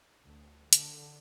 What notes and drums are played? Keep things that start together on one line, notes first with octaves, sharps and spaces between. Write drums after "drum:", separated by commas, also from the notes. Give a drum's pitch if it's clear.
D2
D3, drum: hi-hat